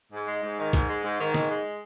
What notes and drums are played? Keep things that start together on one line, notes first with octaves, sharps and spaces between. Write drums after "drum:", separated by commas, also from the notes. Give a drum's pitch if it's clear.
G#2
G#3
G#2
D#3
G#2, drum: kick, hi-hat
G#3
G#2
D#3
G#2, drum: snare
G#3